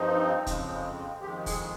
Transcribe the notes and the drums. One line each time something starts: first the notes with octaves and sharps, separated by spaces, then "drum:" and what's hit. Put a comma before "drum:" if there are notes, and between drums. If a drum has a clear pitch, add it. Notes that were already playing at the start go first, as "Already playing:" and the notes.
Already playing: G2 F3 C4 D#4
F2 C#3 F3 G#3 C4, drum: kick, hi-hat
F2 D#3 G#3 G4
G#4, drum: kick, open hi-hat